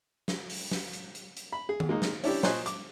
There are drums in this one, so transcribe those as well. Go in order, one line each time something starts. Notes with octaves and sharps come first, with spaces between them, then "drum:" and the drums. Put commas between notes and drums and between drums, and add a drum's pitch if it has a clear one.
drum: snare
drum: open hi-hat
drum: snare
drum: hi-hat
drum: hi-hat
drum: hi-hat
B5
G#4
drum: tom D#3
G#3 A#3 D#4
drum: snare
C#4 D4 E4 G4, drum: open hi-hat
A#2 C5 C#5 D#5 G#5 F#6, drum: snare
D6, drum: hi-hat